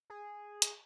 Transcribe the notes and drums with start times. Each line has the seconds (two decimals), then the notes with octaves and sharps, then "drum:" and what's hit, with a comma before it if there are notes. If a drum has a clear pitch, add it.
0.10 G#4
0.62 drum: hi-hat